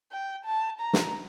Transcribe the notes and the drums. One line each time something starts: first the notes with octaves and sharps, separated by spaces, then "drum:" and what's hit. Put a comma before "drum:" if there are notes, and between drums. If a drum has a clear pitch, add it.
G5
A5
A#5
drum: snare